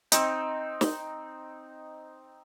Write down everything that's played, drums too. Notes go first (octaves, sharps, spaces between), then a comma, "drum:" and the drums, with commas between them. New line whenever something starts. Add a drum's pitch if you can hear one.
C4 D#4, drum: hi-hat
drum: snare